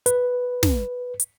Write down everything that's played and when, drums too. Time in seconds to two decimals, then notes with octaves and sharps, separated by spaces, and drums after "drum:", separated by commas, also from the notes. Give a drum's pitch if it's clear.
0.06 B4, drum: hi-hat
0.63 drum: snare
1.20 drum: hi-hat